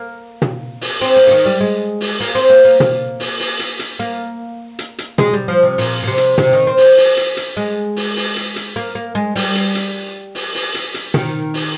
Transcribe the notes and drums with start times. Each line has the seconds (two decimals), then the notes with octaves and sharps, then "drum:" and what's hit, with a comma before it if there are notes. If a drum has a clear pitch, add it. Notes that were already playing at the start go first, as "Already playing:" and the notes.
Already playing: A#3
0.42 drum: tom
0.81 drum: open hi-hat
1.01 C4, drum: open hi-hat
1.16 A#3
1.27 D3
1.31 D#3
1.45 G3
1.61 G#3
2.01 drum: open hi-hat
2.20 A#3, drum: open hi-hat
2.35 C4
2.50 A#3
2.65 A#3
2.80 A#3, drum: tom
3.20 drum: open hi-hat
3.40 drum: open hi-hat
3.59 drum: hi-hat
3.79 drum: hi-hat
4.00 A#3
4.79 drum: hi-hat
4.98 drum: hi-hat
5.18 G#3, drum: tom
5.34 G3
5.48 F3
5.63 C3
5.78 A#2, drum: open hi-hat
6.03 A#2
6.07 C3
6.18 drum: hi-hat
6.38 C3, drum: tom
6.53 D#3
6.67 C4
6.77 drum: open hi-hat
6.97 drum: open hi-hat
7.17 drum: hi-hat
7.37 drum: hi-hat
7.57 G#3
7.96 drum: open hi-hat
8.16 drum: open hi-hat
8.36 drum: hi-hat
8.56 drum: hi-hat
8.76 A#3
8.95 A#3
9.15 G#3
9.36 G3, drum: open hi-hat
9.55 drum: hi-hat
9.75 drum: hi-hat
10.35 drum: open hi-hat
10.55 drum: open hi-hat
10.74 drum: hi-hat
10.94 drum: hi-hat
11.14 D#3, drum: tom
11.54 drum: open hi-hat